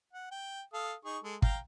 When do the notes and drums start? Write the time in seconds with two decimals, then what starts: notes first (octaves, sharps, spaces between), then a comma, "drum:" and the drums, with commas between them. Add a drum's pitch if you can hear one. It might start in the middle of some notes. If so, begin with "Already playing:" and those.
0.13 F#5
0.31 G5
0.73 A4 F5 D#6
1.05 D#4 G#4 C#6
1.23 G#3 A4
1.42 F5 G5 A#5, drum: kick